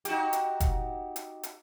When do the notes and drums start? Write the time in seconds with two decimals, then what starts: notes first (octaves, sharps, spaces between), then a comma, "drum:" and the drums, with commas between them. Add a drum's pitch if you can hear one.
0.05 D#4 F#4 G4, drum: hi-hat
0.33 drum: hi-hat
0.60 drum: kick, hi-hat
1.16 drum: hi-hat
1.43 drum: hi-hat